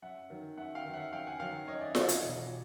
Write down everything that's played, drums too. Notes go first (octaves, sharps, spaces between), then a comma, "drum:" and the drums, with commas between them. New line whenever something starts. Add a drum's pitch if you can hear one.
F#2 E5 F#5
D#3 F#3
F#2 E5 F#5
F5 G5
D#3 F#3
E5 F#5
F#2 F5 G5
F#5 G#5
D#3 F#3 F5 G5
F#2 C#5 D#5
D5 E5
D#3 F#3 D5 E5, drum: snare F4
C#5 D#5, drum: hi-hat
E1